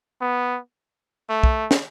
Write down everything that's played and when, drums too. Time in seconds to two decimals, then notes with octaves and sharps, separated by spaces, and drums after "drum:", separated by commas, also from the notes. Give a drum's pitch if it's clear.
0.21 B3
1.29 A3
1.43 drum: kick
1.71 drum: snare